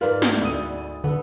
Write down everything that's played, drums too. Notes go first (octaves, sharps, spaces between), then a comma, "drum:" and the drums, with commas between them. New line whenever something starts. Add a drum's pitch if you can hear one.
G#2 F4 A#4 B4 D5
drum: snare
D2 E4 F#5 D#6 D#7
D3 B3 A4